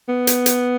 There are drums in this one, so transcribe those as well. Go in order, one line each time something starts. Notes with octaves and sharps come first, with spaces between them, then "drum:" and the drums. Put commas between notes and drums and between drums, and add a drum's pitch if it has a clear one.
B3
drum: hi-hat
drum: hi-hat